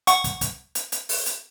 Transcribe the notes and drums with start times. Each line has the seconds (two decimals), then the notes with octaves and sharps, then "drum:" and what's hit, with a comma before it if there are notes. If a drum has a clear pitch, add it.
0.07 F#5 C#6, drum: hi-hat
0.24 drum: kick, hi-hat
0.41 drum: kick, hi-hat
0.75 drum: hi-hat
0.92 drum: hi-hat
1.09 drum: open hi-hat
1.26 drum: hi-hat